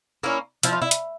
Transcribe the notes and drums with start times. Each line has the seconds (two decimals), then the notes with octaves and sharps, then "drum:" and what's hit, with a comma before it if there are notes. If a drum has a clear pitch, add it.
0.23 A#3 C#4 E4
0.63 F3 E4, drum: hi-hat
0.73 F4
0.82 E4
0.91 drum: hi-hat